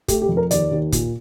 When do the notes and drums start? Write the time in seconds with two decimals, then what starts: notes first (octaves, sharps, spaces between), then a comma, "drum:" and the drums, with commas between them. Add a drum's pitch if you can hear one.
0.08 A3 G4, drum: kick, hi-hat
0.22 G4
0.29 F2
0.37 A#4
0.51 D#2 D5, drum: hi-hat
0.71 D#2
0.92 A#2, drum: kick, hi-hat